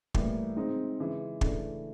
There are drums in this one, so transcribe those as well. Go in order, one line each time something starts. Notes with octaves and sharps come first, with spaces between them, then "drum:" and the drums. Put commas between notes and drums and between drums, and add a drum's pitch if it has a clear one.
A2 E3 G3 A#3, drum: kick
G#3 C4 D#4
C#3 E3 G#3
C#3 E3 A3 D4, drum: kick